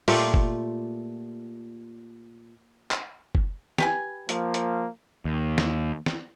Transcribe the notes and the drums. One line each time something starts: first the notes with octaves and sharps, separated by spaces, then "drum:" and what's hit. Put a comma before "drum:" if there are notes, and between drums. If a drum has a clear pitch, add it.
A#2 A3 F4 G4, drum: open hi-hat
drum: kick F#1
drum: clap
drum: kick F#1
G4 B4 G#5, drum: snare
F3 A#3, drum: hi-hat
drum: hi-hat
D#2
drum: snare
drum: snare